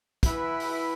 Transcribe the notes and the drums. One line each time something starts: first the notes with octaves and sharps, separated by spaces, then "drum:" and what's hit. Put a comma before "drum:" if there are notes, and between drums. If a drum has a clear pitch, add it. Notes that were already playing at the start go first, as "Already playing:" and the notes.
E3 B3 E4 B4, drum: kick, hi-hat
drum: open hi-hat